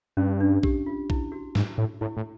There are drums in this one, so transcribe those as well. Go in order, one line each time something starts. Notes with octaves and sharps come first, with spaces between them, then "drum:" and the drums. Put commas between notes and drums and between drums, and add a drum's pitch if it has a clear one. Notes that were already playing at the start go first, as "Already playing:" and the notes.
G2 C#4
D4
G4, drum: kick A#1
F4
E4, drum: kick A#1
F#4
G#2, drum: snare
A2
A2 E4
A2